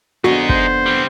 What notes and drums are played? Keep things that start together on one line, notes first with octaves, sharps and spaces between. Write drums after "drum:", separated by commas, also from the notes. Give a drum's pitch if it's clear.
F2 D3 B3 D#4 F#4 G#4
C5, drum: kick
G3 C4